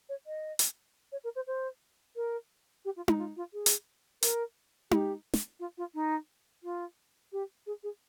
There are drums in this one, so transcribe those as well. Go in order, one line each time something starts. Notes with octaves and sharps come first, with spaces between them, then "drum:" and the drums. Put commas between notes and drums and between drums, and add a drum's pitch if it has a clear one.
C#5
D#5
drum: hi-hat
C#5
A#4
C5
C5
A#4
G4
F4
D#4, drum: tom D#4
F4
F4
G#4
drum: hi-hat
A#4, drum: hi-hat
G4, drum: tom D#4
drum: snare
F4
F4
D#4
F4
G4
G#4
G#4